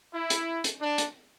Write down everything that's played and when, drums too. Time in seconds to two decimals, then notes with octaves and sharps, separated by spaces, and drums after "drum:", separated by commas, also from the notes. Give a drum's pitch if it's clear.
0.13 E4
0.30 drum: hi-hat
0.64 drum: hi-hat
0.81 D4
0.98 drum: hi-hat